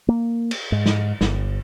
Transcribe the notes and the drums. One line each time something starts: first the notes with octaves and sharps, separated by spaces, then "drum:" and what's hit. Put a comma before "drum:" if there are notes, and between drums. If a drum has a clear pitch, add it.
A#3
drum: cymbal
G#2
drum: snare
G1, drum: snare